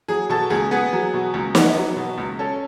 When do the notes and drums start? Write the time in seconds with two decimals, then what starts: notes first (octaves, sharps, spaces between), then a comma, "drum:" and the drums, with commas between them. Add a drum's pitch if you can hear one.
0.08 F#3 G#4
0.29 B2 A4
0.50 C#2 G#4
0.71 B3 G#4
0.93 F#3
1.14 B2
1.34 C#2
1.55 B3, drum: snare
1.76 F#3
1.96 B2
2.18 C#2
2.39 C#4 A4